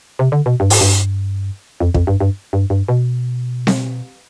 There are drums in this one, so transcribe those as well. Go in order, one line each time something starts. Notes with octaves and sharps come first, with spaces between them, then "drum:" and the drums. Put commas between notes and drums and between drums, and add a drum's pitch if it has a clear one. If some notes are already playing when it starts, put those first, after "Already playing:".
C3
D3
B2
G2
G#2, drum: open hi-hat
G2
F2
F2, drum: kick
G2
G2
G2
G2
B2
drum: snare C4